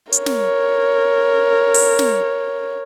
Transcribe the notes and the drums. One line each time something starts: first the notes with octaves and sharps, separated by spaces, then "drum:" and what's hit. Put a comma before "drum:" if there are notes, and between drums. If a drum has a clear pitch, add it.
A#4 C#5, drum: hi-hat
drum: snare
drum: open hi-hat
drum: snare